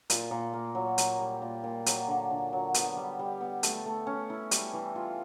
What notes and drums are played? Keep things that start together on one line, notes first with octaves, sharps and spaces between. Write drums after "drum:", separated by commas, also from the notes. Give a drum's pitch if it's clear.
A#2, drum: hi-hat
A#2
A#3
F#3
A#3, drum: hi-hat
G3
A#2
A#2
F#3, drum: hi-hat
D3
D3
F#3
B3, drum: hi-hat
G3
G3
B3
A3, drum: hi-hat
A3
C#4
E4
G3, drum: hi-hat
E3
F4